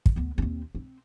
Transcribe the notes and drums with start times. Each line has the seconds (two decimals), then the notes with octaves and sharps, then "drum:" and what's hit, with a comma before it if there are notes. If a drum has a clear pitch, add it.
0.06 drum: kick
0.16 D2 B3
0.38 D#2 C4
0.75 C4